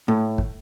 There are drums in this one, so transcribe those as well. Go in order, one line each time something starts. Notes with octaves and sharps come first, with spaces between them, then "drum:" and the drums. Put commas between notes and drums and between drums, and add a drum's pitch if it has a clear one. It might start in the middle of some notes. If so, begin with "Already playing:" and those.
A2
drum: kick